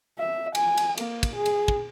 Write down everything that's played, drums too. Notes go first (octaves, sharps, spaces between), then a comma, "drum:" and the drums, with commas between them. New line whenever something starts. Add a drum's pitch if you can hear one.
E5
G#5, drum: cymbal
drum: cymbal
A#3, drum: cymbal
drum: kick, cymbal
G#4
drum: cymbal
drum: kick